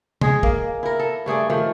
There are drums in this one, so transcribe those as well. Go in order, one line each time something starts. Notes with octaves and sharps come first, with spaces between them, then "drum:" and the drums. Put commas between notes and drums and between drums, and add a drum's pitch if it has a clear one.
G#3 G#4, drum: tom
A#3, drum: kick
E4 A#4
A4
G2 A3 G#4 D5
D#3 F3 A3